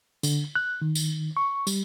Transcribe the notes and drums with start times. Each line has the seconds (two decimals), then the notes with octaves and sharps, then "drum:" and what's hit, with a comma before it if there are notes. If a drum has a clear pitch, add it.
0.23 D3, drum: tambourine
0.55 F#6
0.82 D#3
0.95 drum: tambourine
1.37 C#6
1.67 G3, drum: tambourine